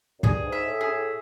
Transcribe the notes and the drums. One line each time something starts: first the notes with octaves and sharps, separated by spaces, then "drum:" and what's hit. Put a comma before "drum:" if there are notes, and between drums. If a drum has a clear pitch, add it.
F#2
G2 G#4, drum: kick
G#2
E5
A2
G#4
A2